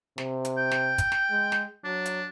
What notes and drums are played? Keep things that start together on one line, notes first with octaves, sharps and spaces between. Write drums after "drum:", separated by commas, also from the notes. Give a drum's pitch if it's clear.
C3, drum: snare
drum: hi-hat
G5
drum: snare
drum: kick, hi-hat
drum: snare
G#3
drum: snare
F#3 D4
drum: hi-hat